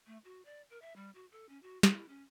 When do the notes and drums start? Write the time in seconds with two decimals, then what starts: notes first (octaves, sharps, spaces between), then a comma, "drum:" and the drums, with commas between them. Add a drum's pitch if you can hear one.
0.06 A3
0.25 F#4
0.45 D5
0.70 A#4
0.82 E5
0.96 G3
1.15 F#4
1.32 A4
1.49 C#4
1.62 F#4
1.83 E4, drum: snare
2.08 C#4